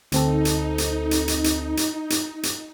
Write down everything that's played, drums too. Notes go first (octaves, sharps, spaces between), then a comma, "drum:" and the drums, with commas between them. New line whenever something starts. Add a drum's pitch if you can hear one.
D2 C4 D#4 A4, drum: hi-hat
drum: hi-hat
drum: hi-hat
drum: hi-hat
drum: hi-hat
drum: hi-hat
drum: hi-hat
drum: hi-hat
drum: hi-hat